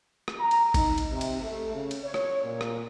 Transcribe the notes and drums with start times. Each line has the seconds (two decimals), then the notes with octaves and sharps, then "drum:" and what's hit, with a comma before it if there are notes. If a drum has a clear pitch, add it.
0.28 drum: rim click
0.39 A#5
0.51 drum: cymbal
0.74 D#4, drum: kick G#1, cymbal
0.98 drum: cymbal
1.11 C3
1.21 drum: cymbal
1.41 A3
1.74 C#3
1.91 drum: cymbal
2.04 C#5
2.14 drum: rim click
2.43 A#2
2.61 drum: rim click